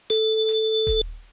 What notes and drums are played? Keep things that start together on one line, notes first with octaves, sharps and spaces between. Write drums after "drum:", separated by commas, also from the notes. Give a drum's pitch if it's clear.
A4, drum: hi-hat
drum: hi-hat
drum: kick D#1, hi-hat